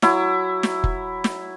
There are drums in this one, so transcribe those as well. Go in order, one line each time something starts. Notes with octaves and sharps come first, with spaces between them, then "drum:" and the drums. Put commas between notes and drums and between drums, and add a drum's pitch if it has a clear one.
F#3 E4, drum: snare
drum: snare
drum: kick F1
drum: snare